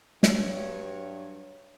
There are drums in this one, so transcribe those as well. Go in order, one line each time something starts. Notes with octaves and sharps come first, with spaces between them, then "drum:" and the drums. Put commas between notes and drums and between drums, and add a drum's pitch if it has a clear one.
G2 F#3 C#5, drum: snare